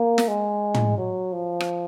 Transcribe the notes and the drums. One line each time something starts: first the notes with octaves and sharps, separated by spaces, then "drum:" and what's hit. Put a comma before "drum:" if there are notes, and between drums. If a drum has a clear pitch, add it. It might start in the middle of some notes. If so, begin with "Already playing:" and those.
Already playing: A#3
drum: snare
G#3
drum: tom
F#3
F3
drum: rim click